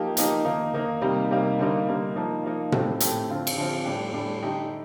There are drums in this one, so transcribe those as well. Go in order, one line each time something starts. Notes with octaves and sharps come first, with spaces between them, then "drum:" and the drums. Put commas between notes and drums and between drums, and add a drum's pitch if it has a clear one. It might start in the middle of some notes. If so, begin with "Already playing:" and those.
Already playing: F3 A#3 D#4 G4
F3 A#3 D#4 G4, drum: hi-hat
D#3 A#3 D#4
D#3 A#3 D#4
C3 G3 A#3 D#4
C3 G3 A#3 D#4
D3 G3 A#3 D#4
D3 G3 A#3 D#4
F3 A#3 D#4
F3 A#3 D#4
A2 A3 C4 G4, drum: tom A#2
A2 A3 C4 G4, drum: hi-hat
D3 F3 C4 F4
drum: cymbal
D3 F3 C4 F4
A2 G3 D4 G4
A2 G3 D4 G4
D3 A3 D#4 G4